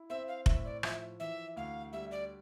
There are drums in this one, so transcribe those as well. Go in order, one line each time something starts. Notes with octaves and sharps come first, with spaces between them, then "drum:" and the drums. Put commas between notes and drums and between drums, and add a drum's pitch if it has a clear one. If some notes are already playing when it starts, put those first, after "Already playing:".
Already playing: E4
C4 E5
F5
A2 E5, drum: kick F1
D5
F3 E5, drum: rim click
E3 E5
D2 F5
G3 E5
D5